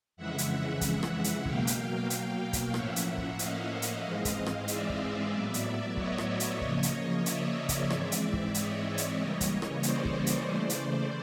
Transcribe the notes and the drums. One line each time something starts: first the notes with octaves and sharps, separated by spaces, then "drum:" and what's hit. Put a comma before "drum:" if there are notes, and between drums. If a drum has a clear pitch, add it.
F2 C#3 E3 G#3 E5 F#5
drum: hi-hat
drum: kick, hi-hat
drum: rim click
drum: hi-hat
B2 F#3 A#3 F5 G5, drum: kick
drum: hi-hat
drum: hi-hat
drum: kick, hi-hat
A2 F3 A#3 C#4 E5 F#5, drum: rim click
drum: hi-hat
drum: kick
D#5 F5, drum: hi-hat
drum: hi-hat
G#2 E3 G#3 C4
drum: kick, hi-hat
drum: rim click
D5 E5, drum: hi-hat
drum: kick
A2 F#3 B3
drum: hi-hat
C#5 D#5, drum: kick
drum: rim click
drum: hi-hat
C#3 F3 A#3, drum: kick
drum: hi-hat
D5 E5, drum: hi-hat
drum: kick, hi-hat
G#2 E3 G#3 C4, drum: rim click
drum: hi-hat
drum: kick
C#5 D#5, drum: hi-hat
drum: hi-hat
C#3 E3 G3 A#3
drum: kick, hi-hat
drum: rim click
C5 D5, drum: hi-hat
drum: kick
drum: hi-hat
C#3 E3 A3
drum: hi-hat